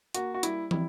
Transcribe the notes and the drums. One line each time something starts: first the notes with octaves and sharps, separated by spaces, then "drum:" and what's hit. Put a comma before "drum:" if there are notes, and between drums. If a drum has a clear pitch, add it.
A#3 F#4, drum: hi-hat
F#4
G3 E4, drum: hi-hat
G3 E4, drum: tom